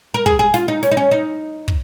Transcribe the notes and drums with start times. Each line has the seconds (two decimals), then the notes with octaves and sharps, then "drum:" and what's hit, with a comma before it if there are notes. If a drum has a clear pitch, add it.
0.14 A#4
0.26 G#4, drum: kick
0.39 G#4
0.54 F4, drum: snare
0.68 D#4
0.83 C#4, drum: snare
0.91 D#4
0.97 C#4
1.11 D#4
1.68 drum: kick